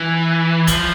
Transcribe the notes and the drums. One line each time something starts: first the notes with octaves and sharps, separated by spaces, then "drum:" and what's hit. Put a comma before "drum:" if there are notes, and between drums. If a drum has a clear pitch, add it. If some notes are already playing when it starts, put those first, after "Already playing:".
Already playing: E3
F3, drum: kick, hi-hat